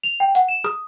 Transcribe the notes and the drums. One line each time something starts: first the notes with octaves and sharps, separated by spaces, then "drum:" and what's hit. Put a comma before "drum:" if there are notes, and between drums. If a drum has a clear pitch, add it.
F7
G5
F#5, drum: hi-hat
E7
D#6, drum: rim click